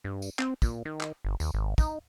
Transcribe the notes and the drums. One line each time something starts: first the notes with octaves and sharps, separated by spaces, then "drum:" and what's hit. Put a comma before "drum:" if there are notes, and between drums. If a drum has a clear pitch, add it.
G2
drum: tambourine
C4, drum: clap
A#2, drum: kick, tambourine
D#3
drum: clap
G1
D#2, drum: tambourine
G#1
D#4, drum: kick, tambourine